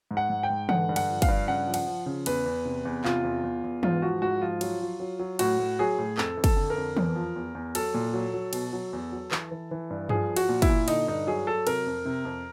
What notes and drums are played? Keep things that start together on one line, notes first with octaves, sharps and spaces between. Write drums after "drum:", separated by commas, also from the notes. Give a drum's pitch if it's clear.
G#2
F#5
G#2
G5
G#2
D3 F#5, drum: tom E3
G2
F#5, drum: cymbal
F3
F5, drum: kick, cymbal
G2
C#3 F#5
F3
F#5, drum: cymbal
F3
C#3
E2 B4, drum: cymbal
E2
C3
E2
C3 F4, drum: clap
E2
E2
E2
G#2 F4, drum: tom E3
F3 F#4
G#2 F#4
F3 F4
F#3, drum: cymbal
F#3
F#3
F#3
A2 F#4, drum: cymbal
A2
F#3 G#4
A2
F2 A4, drum: clap
F2
A4, drum: kick, cymbal
D3
A#4
F2
E2, drum: tom E3
F3
E2
E2
F#3 A4, drum: cymbal
A#2
F#3
F#3
B2, drum: cymbal
F#3
E2
F#3
E3, drum: clap
E3
E3
G2
F3 G#4, drum: tom G2
F3
F#4, drum: cymbal
A#2
E4, drum: kick, cymbal
A#2
D3 D#4, drum: cymbal
G2 D#4
F#3 G#4
F#3 A4
C3 A#4, drum: cymbal
F2
C3
F2